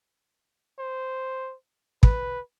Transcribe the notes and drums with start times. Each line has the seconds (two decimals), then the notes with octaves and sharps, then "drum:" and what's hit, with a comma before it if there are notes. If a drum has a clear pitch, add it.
0.79 C5
2.03 B4, drum: kick